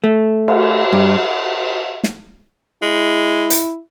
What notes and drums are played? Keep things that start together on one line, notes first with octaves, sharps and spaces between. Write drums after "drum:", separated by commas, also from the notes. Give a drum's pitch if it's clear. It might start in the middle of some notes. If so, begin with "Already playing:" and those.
A3
drum: cymbal
G2
drum: snare
G#3 E4
drum: hi-hat